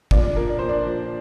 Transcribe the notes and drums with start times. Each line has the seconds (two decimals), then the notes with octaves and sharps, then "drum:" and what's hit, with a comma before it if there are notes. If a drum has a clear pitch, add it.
0.11 A#2 D4 D5, drum: kick
0.23 D4 D5
0.36 F3 A#3 A#4
0.49 D5
0.59 A#2 C5
0.69 D4 D5
0.86 F3